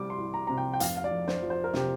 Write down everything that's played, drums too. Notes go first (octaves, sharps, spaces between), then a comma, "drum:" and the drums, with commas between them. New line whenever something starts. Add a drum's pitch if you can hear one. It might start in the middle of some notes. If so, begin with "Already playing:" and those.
Already playing: C3 G3 C4 D6
C6
C2
A#5
C3 A#5
G5
G5
F1 F5, drum: hi-hat
F5
D5
F2
C5, drum: snare
F3
C5
A#4
C3 G4, drum: snare